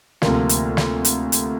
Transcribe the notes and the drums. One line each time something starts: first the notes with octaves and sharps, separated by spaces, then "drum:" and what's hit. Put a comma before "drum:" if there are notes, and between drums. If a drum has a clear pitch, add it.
D2 C3 F3 A#3 F4, drum: snare
drum: hi-hat
drum: snare
drum: hi-hat
drum: hi-hat